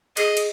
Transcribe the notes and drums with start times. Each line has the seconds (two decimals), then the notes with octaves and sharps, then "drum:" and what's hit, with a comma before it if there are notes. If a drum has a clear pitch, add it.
0.17 G#4 D#5, drum: cymbal
0.37 drum: cymbal